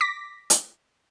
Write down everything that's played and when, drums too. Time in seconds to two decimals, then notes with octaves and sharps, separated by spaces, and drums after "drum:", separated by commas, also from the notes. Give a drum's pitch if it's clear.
0.01 D6 A#6 B6
0.50 drum: hi-hat